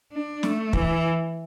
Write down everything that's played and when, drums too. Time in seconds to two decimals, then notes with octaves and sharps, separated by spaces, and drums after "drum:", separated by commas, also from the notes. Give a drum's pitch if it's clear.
0.12 D4
0.43 A3, drum: snare
0.73 E3, drum: kick